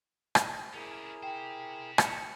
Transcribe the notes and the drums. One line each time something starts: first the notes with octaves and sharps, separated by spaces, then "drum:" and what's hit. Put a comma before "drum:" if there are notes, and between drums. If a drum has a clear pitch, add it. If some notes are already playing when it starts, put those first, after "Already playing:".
drum: rim click
C#4 D4 E4 G#4 A#4
G4 C5 G5
C#7, drum: rim click